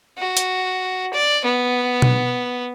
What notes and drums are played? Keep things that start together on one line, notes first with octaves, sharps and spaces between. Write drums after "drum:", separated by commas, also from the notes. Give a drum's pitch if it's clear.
F#4
drum: hi-hat
D5
B3
drum: tom B2